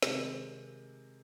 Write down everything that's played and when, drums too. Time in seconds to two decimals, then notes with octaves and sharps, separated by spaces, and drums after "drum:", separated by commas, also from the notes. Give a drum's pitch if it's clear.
0.03 C3 D#3 G#3, drum: snare